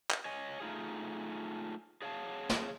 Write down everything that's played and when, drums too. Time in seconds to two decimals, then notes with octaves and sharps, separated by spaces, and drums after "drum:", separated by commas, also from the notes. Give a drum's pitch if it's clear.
0.10 drum: clap
0.25 C#5 D#5 G#5
0.60 A3 D#4 F4 G#4
2.02 G#4 C#5 F5 G#5 A5
2.49 drum: snare